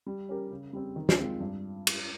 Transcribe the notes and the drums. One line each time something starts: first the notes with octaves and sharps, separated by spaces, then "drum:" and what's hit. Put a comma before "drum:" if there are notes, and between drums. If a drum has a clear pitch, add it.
G3
C#4 G4 A#4
C#3
G3 C4
D#3
drum: snare
G#3 C4 F4
G2
drum: cymbal